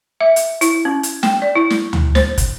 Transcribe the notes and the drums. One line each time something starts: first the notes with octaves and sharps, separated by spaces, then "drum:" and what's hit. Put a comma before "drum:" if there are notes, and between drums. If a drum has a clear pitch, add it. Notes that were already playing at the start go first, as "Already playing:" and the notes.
E5
drum: hi-hat
E4, drum: hi-hat
C#4
drum: hi-hat
G5, drum: snare
D5
E4
drum: snare
drum: tom D2
C5, drum: snare
drum: kick, hi-hat